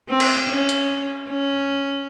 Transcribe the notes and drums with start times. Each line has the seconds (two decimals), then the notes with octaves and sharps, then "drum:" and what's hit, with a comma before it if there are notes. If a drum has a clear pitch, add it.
0.09 C4
0.20 drum: cymbal
0.49 C#4
0.69 drum: hi-hat
1.29 C#4